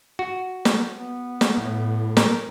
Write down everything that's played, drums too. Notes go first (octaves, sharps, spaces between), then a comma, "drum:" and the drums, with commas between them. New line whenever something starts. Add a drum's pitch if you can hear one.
F#4
drum: snare
B3
drum: snare
A2
A#4, drum: snare